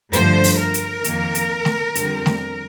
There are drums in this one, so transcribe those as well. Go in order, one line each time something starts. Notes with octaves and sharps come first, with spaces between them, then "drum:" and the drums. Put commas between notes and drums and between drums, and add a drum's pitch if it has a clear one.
G2 D3 F3 A3 C5, drum: hi-hat
drum: open hi-hat
A#4
drum: hi-hat
F2 D#3 A#3, drum: hi-hat
drum: hi-hat
drum: snare A3
F2 D3 G3 C4, drum: hi-hat
drum: snare A3